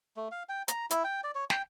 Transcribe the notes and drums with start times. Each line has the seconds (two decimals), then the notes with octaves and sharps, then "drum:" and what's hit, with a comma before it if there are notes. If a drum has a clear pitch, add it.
0.17 A3
0.31 F5
0.49 G5
0.68 A#5, drum: hi-hat
0.91 E4, drum: hi-hat
1.04 G5
1.24 D5
1.35 C#5
1.50 G5, drum: snare